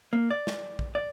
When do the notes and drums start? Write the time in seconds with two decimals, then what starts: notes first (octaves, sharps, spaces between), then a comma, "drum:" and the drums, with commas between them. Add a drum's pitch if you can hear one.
0.13 A#3
0.30 D5
0.47 drum: snare
0.79 drum: kick
0.95 D5